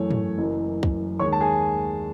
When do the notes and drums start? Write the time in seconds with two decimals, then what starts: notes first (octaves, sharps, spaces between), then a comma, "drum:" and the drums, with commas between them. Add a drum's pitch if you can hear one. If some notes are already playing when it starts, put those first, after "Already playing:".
Already playing: F#2 E3 A3 C#5
0.10 drum: tom
0.38 F#1 F#2 E3
0.83 drum: kick C2
1.19 D#2 D#3 G#3 C#5 C#6
1.33 A5
1.40 G#4 G#5